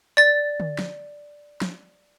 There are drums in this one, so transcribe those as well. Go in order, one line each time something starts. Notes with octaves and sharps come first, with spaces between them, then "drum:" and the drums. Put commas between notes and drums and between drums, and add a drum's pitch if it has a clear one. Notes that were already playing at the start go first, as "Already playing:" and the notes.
D5 A6
drum: tom D3
drum: snare
drum: snare